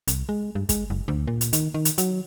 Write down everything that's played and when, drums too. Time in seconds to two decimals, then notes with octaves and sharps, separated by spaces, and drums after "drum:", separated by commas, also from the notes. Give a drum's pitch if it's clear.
0.08 C2, drum: hi-hat
0.29 G#3
0.55 G2
0.69 G#3, drum: kick, hi-hat
0.90 F#1
1.08 D2
1.27 A#2
1.41 drum: hi-hat
1.53 D#3, drum: hi-hat
1.74 D#3
1.85 drum: hi-hat
1.98 F#3, drum: hi-hat